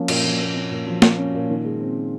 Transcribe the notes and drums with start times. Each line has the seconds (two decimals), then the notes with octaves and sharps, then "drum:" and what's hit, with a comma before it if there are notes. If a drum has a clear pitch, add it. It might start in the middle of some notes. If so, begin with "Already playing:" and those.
Already playing: F3 A#3 C#4
0.08 A#2, drum: cymbal
0.24 F3
0.40 A#3
0.55 C#4
0.71 A#2
0.87 F3
1.02 A#3, drum: snare A#3
1.18 C#4
1.34 A#2
1.50 D#3
1.65 G#3
1.80 C4